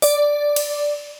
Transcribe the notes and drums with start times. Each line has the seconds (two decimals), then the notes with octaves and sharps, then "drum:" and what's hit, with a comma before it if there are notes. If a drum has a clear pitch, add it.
0.02 D5, drum: open hi-hat
0.56 drum: cymbal